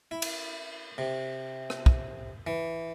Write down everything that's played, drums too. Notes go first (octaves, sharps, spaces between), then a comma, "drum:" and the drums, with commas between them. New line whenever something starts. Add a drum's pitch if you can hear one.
E4
drum: cymbal
C3
drum: rim click
drum: kick
E3